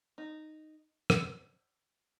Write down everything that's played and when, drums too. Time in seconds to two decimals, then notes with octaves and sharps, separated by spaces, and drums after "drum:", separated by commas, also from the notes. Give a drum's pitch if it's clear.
0.18 D#4
1.10 drum: rim click